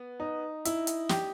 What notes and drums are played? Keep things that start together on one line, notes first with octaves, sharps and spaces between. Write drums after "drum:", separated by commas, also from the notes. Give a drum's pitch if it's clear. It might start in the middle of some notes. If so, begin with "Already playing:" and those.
Already playing: B3
D#4
E4, drum: hi-hat
drum: hi-hat
G4, drum: snare